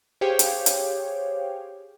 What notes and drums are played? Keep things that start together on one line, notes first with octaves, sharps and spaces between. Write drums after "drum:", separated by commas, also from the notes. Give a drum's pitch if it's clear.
G4 G#4 C5 C#5 F5 G5
drum: hi-hat
drum: hi-hat